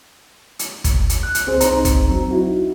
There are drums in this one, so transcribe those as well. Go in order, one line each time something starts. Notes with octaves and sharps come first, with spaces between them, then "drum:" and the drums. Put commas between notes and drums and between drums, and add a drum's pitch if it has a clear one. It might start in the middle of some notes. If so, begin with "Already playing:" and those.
drum: hi-hat
drum: kick, hi-hat
drum: hi-hat
F#6
drum: hi-hat
C#2 C4 G#4 C5
C2 C4 D#4 C5 A#5, drum: hi-hat
drum: kick, hi-hat
F#3 C4
D#4 E4 F#4